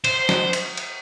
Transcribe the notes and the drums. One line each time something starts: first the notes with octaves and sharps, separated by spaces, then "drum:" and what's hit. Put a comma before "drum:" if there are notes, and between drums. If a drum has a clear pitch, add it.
C5, drum: cymbal
drum: snare
drum: cymbal
drum: cymbal